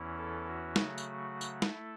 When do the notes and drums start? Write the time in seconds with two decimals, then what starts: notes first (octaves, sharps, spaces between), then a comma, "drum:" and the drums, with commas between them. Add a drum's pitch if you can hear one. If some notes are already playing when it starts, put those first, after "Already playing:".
Already playing: E2 E3 C#4 E4
0.18 A4
0.47 F#4
0.76 C#3 F#3 A3, drum: snare
0.98 drum: tambourine
1.41 drum: tambourine
1.62 A3 E4 A4, drum: snare